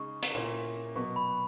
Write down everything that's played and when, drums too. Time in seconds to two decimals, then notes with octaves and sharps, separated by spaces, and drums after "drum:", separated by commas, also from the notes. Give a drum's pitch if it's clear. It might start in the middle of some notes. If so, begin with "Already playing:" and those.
Already playing: C#3 G#3 D#4 C#6
0.23 drum: hi-hat
0.34 A#2 A#3 C#4 E4
0.96 B2 F#3 B3 C#6
1.16 B5